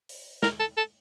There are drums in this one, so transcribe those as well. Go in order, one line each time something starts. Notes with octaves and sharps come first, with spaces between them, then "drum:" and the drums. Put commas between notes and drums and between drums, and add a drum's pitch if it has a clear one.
drum: open hi-hat
A#4, drum: snare
A4
A4